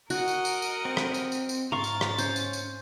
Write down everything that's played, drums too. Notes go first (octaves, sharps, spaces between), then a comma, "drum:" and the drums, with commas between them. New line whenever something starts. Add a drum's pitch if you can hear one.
F#4 A#4 D#5 F#5, drum: tambourine
drum: tambourine
drum: tambourine
drum: tambourine
C4
drum: rim click
drum: tambourine
drum: tambourine
drum: tambourine
G#2 F5 A#5 C6 C#6 A6
drum: tambourine
drum: rim click
C#4 C5, drum: tambourine
drum: tambourine
drum: tambourine